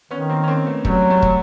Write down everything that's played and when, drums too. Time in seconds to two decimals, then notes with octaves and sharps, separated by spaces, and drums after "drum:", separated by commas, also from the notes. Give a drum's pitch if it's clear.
0.11 D#3 B3 C#4
0.22 C#4
0.29 A#3 C4
0.44 C#4
0.48 A#3 C4
0.66 A3 B3
0.85 F#3 G3 A3, drum: kick
1.10 G3 A3
1.22 drum: kick